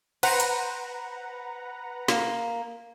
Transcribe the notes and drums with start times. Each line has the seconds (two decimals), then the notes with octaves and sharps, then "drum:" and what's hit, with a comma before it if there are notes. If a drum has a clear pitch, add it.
0.23 B4 C5 F#5 A#5, drum: cymbal
0.40 drum: hi-hat
2.08 A#3, drum: snare